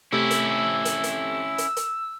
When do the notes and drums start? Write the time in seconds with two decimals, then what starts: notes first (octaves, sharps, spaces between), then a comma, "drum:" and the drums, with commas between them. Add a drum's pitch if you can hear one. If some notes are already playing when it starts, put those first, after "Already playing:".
0.12 C3 A3 C#4 E4 G4 E6
0.31 drum: hi-hat
0.85 drum: hi-hat
1.04 drum: hi-hat
1.58 drum: hi-hat
1.77 drum: hi-hat